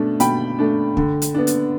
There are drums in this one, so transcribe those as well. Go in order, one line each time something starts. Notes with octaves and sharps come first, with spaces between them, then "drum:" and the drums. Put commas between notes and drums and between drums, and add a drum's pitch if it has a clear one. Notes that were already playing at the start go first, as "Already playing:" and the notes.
Already playing: B2 A3 D4
B2 G5 B5, drum: hi-hat
A3 D4
D3, drum: kick
drum: hi-hat
B3 D4
drum: hi-hat